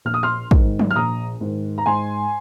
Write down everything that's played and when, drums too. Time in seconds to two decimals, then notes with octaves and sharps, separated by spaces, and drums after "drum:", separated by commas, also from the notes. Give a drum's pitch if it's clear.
0.05 A#1 F6
0.14 D#6
0.23 C6 F6
0.51 G#2 D#3, drum: kick
0.79 drum: tom F3
0.91 F6
0.95 A#1 A#5 D#6
1.41 G#2 D#3
1.78 A#5
1.86 G#2 G#5 C6